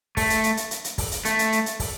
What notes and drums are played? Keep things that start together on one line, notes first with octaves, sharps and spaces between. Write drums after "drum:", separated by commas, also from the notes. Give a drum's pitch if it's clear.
A3, drum: kick, open hi-hat
drum: hi-hat
drum: hi-hat
drum: hi-hat
drum: hi-hat
drum: hi-hat
drum: kick, open hi-hat
drum: hi-hat
A3, drum: hi-hat
drum: hi-hat
drum: hi-hat
drum: hi-hat
drum: kick, open hi-hat